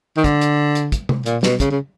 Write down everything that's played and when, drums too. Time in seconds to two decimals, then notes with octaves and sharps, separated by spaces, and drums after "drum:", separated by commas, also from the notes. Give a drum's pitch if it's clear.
0.17 D#3
0.24 D3, drum: kick, hi-hat
0.41 drum: hi-hat
0.75 drum: hi-hat
0.92 drum: kick, hi-hat
1.09 drum: tom C3
1.26 A#2, drum: hi-hat
1.43 B2, drum: snare
1.60 C#3, drum: kick, hi-hat
1.71 C#3